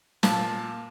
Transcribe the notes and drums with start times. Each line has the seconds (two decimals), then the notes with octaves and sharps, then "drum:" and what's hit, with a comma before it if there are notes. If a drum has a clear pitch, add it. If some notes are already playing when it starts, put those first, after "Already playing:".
0.23 A#2 A#3 F5 A5, drum: snare